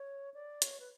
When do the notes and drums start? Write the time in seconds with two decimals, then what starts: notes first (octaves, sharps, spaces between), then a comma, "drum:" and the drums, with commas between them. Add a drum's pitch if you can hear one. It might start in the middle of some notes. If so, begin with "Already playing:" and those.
Already playing: C#5
0.34 D5
0.62 C#5, drum: hi-hat
0.80 B4